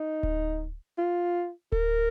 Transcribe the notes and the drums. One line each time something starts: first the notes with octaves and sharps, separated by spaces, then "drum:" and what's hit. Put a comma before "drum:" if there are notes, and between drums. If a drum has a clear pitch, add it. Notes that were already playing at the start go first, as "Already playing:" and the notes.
Already playing: D#4
drum: kick D1
F4
A#4, drum: kick D1